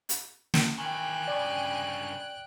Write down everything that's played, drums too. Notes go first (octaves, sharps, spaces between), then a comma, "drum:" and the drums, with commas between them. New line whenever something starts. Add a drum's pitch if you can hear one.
drum: hi-hat
drum: snare
D#3 E3 G5 G#5 F#6
G2 C#3 D5